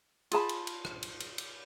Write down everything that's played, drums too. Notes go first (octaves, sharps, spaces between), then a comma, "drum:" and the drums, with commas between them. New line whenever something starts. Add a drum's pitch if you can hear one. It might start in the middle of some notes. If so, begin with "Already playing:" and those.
F4 G#4 A5 B5, drum: cymbal
drum: cymbal
drum: cymbal
drum: rim click
drum: cymbal
drum: cymbal
drum: cymbal